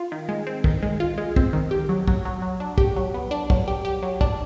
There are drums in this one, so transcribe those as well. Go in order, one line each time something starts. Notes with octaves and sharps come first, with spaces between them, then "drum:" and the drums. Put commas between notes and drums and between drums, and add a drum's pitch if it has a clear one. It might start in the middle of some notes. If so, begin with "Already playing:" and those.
Already playing: F4
D#3
G#3
C4
D#3, drum: kick
G#3
F4
G#3
C4, drum: kick
D#3
G4
F#3
F#3, drum: kick
F#3
F#3
D4
G4, drum: kick
F#3
B3
D4
F#3, drum: kick
G4
G4
F#3
D4, drum: kick